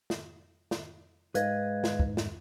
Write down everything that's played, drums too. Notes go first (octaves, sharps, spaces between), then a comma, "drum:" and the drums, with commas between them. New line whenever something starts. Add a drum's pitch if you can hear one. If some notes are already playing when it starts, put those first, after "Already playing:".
drum: snare
drum: snare
G#2 B4 D#5 F5 G#6, drum: hi-hat
drum: snare
drum: kick
drum: snare